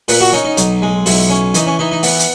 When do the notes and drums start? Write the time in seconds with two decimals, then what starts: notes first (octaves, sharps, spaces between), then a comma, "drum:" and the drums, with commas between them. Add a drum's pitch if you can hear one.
0.08 A#2 B4, drum: open hi-hat
0.21 F#4
0.33 C#4 D#4
0.44 D#4
0.57 B1, drum: hi-hat
0.82 G#3
1.06 B1 E4, drum: open hi-hat
1.30 C#4
1.54 E3 D#4, drum: hi-hat
1.66 C#4
1.79 E3 D#4
1.92 D#4
2.03 B3, drum: open hi-hat
2.20 drum: hi-hat